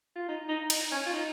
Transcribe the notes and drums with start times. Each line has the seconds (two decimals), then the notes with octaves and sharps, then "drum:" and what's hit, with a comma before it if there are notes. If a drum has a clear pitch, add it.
0.16 F4
0.29 D#4
0.49 D#4
0.70 D#4, drum: cymbal
0.92 C#4
1.06 F4
1.13 D#4